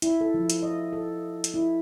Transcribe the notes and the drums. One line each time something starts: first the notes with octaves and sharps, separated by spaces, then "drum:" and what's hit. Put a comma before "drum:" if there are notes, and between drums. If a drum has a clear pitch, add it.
E4, drum: hi-hat
A4
F3
drum: hi-hat
D#5
A4
drum: hi-hat
E4